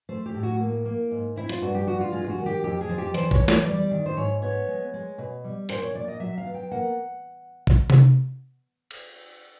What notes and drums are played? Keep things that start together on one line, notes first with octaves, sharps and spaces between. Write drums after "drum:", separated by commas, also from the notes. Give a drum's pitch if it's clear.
A3 C5
G4
A2
F#4
A#3
A#3
G#2
C4 E4
F4, drum: hi-hat
G2 F#4
G4
G3 F#4
F4
G#3 F4
F4
F#4
D#3
G4
F2 G4
G#4
F3
G4
E2 C5, drum: hi-hat
C#5, drum: kick A#1
E2
C#5, drum: snare
G3 D5
D#3
C5
G#2 C#5
B3 C#5
G#3
G#3
B2
G3
A#2 C5, drum: open hi-hat
C#5
A#2 D5
D#5
F#3 E5
F5
B3
G5
A#3 F#5
drum: kick A#1
drum: tom C3
drum: cymbal